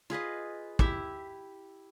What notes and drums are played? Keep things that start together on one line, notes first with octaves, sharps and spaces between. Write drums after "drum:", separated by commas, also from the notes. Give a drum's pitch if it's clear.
F4 G#4 B4 D#5
E4 G4 E5, drum: kick